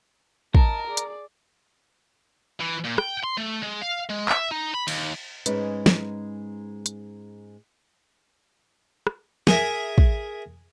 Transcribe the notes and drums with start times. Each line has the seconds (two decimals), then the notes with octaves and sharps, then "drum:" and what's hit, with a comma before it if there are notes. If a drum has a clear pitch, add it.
0.55 A#4 D#5 A5, drum: kick
0.87 G#4 D5
0.97 drum: hi-hat
2.61 E3
2.85 A#2
2.98 G5, drum: rim click
3.24 C6
3.38 A3
3.63 G#3
3.82 F5
4.10 G#3
4.29 E5, drum: clap
4.52 D#4
4.74 B5
4.88 D#2, drum: cymbal
5.46 G#2 G#3 C#4 D#4 B4, drum: hi-hat
5.86 drum: snare
6.86 drum: hi-hat
9.07 drum: rim click
9.47 G#4 A#4 E5, drum: snare
9.98 drum: kick